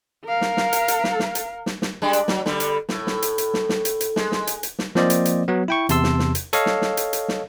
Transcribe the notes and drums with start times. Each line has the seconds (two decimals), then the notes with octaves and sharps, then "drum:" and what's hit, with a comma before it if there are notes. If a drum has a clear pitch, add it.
0.25 A#4 F5
0.41 drum: snare
0.57 drum: snare
0.73 drum: hi-hat
0.88 drum: hi-hat
1.04 drum: snare
1.19 drum: snare
1.35 drum: hi-hat
1.66 drum: snare
1.82 drum: snare
2.02 G3 G#3 D4
2.13 drum: hi-hat
2.28 F#3, drum: snare
2.46 D3 G3, drum: snare
2.60 drum: hi-hat
2.89 A2, drum: snare
3.07 drum: snare
3.22 drum: hi-hat
3.38 drum: hi-hat
3.54 drum: snare
3.69 drum: snare
3.85 drum: hi-hat
4.01 drum: hi-hat
4.16 G#3, drum: snare
4.32 drum: snare
4.47 drum: hi-hat
4.63 drum: hi-hat
4.79 drum: snare
4.95 F3 A#3 C4 C5 D5 D#5, drum: snare
5.10 drum: hi-hat
5.25 drum: hi-hat
5.48 F#3 B3
5.68 E4 G5 C#6
5.89 E2 C3 A5 C6 E6, drum: hi-hat
6.04 drum: snare
6.19 drum: snare
6.35 drum: hi-hat
6.53 A4 C#5 D#5 F5, drum: hi-hat
6.66 drum: snare
6.82 drum: snare
6.97 drum: hi-hat
7.13 drum: hi-hat
7.28 drum: snare